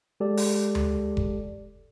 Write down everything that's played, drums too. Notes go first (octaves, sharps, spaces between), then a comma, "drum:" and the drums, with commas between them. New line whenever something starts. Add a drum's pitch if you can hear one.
G#3 G4 A4 D5
drum: open hi-hat
drum: tom D2
drum: kick F1